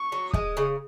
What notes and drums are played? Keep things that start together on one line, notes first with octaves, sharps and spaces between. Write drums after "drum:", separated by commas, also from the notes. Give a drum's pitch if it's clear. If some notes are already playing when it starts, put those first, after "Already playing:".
Already playing: C#6
F#3
G#3 D#6, drum: kick
C#3